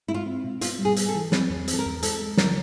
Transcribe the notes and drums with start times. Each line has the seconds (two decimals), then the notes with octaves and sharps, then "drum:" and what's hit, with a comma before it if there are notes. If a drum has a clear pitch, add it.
0.08 G#3 E4
0.14 F4
0.26 C4
0.44 B2
0.61 B3 F4, drum: hi-hat
0.79 G3
0.85 G#4
0.96 B3, drum: hi-hat
1.08 A4
1.15 E3
1.32 C4 B4, drum: snare
1.50 E2
1.68 C4, drum: hi-hat
1.73 A4
1.79 A#4
1.86 E2
2.03 G#3 A4, drum: hi-hat
2.20 G#3
2.37 D3 A#4, drum: snare